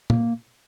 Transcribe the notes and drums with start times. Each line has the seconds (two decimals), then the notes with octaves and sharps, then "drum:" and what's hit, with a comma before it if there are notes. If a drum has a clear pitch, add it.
0.10 A#3, drum: tom